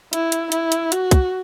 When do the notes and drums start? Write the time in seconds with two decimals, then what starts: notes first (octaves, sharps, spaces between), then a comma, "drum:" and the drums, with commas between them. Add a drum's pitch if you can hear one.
0.13 E4, drum: hi-hat
0.32 drum: hi-hat
0.52 E4, drum: hi-hat
0.72 drum: hi-hat
0.92 F#4, drum: hi-hat
1.11 drum: kick, hi-hat